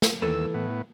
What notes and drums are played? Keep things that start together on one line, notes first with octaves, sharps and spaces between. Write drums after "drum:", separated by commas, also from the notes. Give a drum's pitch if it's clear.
drum: snare
D#2 E3 A4 B4 E6
A2 B3